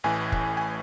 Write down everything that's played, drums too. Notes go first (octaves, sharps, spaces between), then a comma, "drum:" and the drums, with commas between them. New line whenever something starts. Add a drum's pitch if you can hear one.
A1 A2 E3 G#5
drum: kick
G#5